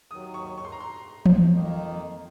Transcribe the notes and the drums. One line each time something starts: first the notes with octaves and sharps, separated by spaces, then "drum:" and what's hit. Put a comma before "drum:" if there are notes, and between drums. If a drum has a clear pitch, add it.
D#2 D#3 F#3 D#6
C#6
C#6
C6
A#5
C6
drum: tom E3
F2 D#3 A#3 D#4